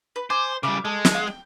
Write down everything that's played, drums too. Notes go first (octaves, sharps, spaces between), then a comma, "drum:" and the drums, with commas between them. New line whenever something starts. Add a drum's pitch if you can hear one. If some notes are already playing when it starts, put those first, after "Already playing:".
B4
C5 G#5 D6
C#3 G3 E5 F5 D6
G#3 A4
drum: snare
F5 F#5 F6
G5